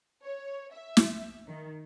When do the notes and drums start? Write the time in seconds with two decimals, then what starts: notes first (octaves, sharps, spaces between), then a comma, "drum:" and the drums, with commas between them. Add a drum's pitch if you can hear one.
0.23 C#5
0.72 E5
0.97 drum: snare
1.47 D#3